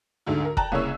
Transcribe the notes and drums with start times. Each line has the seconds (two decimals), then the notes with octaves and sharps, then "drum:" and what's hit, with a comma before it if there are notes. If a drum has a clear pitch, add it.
0.27 D2 G#2 D3
0.45 A#4
0.57 G5 A5 A#5 F#6, drum: kick E1
0.72 C2 C#3 A#3 E4 C#5 E6